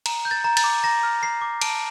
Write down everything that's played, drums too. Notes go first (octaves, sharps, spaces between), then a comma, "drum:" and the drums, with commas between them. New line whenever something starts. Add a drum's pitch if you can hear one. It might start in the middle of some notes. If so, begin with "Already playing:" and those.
A#5, drum: cymbal
G6
A6
A#5
A6, drum: cymbal
D6
A#5 A#6
F6
A#5 C7
D6
A5 D7, drum: cymbal